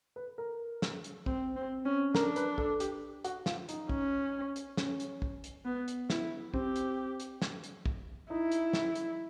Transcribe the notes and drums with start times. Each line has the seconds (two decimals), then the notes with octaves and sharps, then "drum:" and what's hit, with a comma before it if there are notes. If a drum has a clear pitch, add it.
0.16 B4
0.38 A#4
0.82 drum: snare
1.04 drum: hi-hat
1.26 C4, drum: kick
1.56 C4
1.85 C#4
2.15 D4 A#4, drum: snare
2.36 B4, drum: hi-hat
2.58 A4, drum: kick
2.80 G4, drum: hi-hat
3.24 F#4, drum: hi-hat
3.46 F4, drum: snare
3.69 D#4, drum: hi-hat
3.89 C#4, drum: kick
4.56 drum: hi-hat
4.77 C#4, drum: snare
5.00 drum: hi-hat
5.22 drum: kick
5.44 drum: hi-hat
5.65 B3
5.88 drum: hi-hat
6.10 E4, drum: snare
6.54 C4 G4, drum: kick
6.76 drum: hi-hat
7.20 drum: hi-hat
7.42 drum: snare
7.64 drum: hi-hat
7.86 drum: kick
8.30 D#4 E4
8.51 drum: hi-hat
8.73 drum: snare
8.95 drum: hi-hat